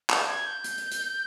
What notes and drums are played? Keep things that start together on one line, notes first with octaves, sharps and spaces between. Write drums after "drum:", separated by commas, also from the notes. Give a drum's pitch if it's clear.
G6, drum: clap
G#6
G6
drum: hi-hat
drum: hi-hat
drum: hi-hat